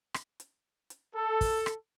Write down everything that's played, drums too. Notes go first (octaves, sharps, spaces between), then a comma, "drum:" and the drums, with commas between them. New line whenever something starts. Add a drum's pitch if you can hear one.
drum: rim click
drum: hi-hat
drum: hi-hat
A4
drum: kick, open hi-hat
drum: rim click